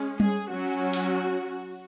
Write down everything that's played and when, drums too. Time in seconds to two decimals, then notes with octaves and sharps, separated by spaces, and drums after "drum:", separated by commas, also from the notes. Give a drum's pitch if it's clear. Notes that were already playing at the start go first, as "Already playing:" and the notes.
Already playing: G#3 C#4
0.20 G#4, drum: tom G3
0.50 F#3 C#4 F#4
0.93 drum: open hi-hat